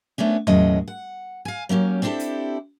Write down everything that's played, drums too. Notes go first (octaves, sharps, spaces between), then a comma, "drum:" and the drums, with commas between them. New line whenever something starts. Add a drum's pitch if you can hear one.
A3 B3 C#4 D4
D#2 A2 F#3 G#3 C#4 D#5, drum: tom E2
F#5
F5 G#5
F#3 A#3 C#4 G4
C4 D4 E4 F4 G4 A4
drum: hi-hat